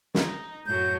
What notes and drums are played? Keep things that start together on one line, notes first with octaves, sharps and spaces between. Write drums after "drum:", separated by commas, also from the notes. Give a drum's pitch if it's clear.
D#4, drum: snare
F#2 A2 F#3 G6